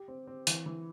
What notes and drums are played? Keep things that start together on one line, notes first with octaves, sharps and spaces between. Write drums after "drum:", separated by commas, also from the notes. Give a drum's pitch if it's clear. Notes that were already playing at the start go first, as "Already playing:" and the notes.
Already playing: G4
C4
C4
E3, drum: hi-hat
E3